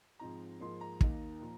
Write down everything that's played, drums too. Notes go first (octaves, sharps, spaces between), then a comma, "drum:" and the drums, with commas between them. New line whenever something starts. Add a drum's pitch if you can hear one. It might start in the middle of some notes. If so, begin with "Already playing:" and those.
G#2 F3 C4 D#4 A#5
G#2 F3 A#3 D#4 C6
A#5
D#2 D#3 A#3 D#4, drum: kick
A#2 F3